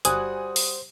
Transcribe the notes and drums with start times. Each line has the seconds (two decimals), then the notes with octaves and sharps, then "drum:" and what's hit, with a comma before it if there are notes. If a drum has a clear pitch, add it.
0.05 G1 G3 F#4 C5 G#5 D#6 F#6, drum: hi-hat
0.56 drum: open hi-hat